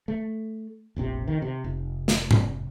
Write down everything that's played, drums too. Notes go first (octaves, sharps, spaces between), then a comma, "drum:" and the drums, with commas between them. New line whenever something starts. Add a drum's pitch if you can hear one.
A3
F1 A#1 C3
D#3
C3
F1
drum: snare
drum: tom G#2